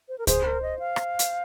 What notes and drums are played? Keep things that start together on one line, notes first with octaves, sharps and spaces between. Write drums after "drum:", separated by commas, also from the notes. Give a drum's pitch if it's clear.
C5
A#4
G#4 C5, drum: kick C#2, hi-hat
A#4
D#5
F5
drum: rim click
drum: hi-hat